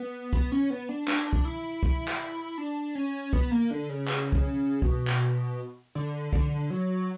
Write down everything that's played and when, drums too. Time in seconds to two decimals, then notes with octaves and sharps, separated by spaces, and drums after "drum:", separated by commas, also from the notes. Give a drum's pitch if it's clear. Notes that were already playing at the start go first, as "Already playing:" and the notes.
Already playing: B3
0.33 B3, drum: kick
0.52 C#4
0.70 B3
0.89 D4
1.08 D4, drum: clap
1.33 drum: kick
1.45 E4
1.83 drum: kick
2.08 drum: clap
2.58 D4
2.95 C#4
3.33 B3, drum: kick
3.51 A#3
3.71 D3
3.89 C#3
4.07 drum: clap
4.32 drum: kick
4.82 B2, drum: kick
5.07 drum: clap
5.95 D3
6.33 D3, drum: kick
6.70 F#3